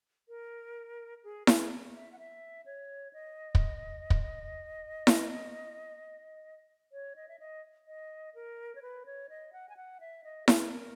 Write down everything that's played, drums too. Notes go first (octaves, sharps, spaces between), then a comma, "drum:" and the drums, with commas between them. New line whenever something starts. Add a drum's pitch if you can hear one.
A#4
G#4
G#4, drum: snare E4
E5
F#5
E5
C#5
D#5
drum: kick
drum: kick
drum: snare E4
C#5
D#5
E5
D#5
D#5
A#4
C#5
B4
C#5
D#5
F#5
G#5
F#5
E5
D#5
G#4, drum: snare E4
A#4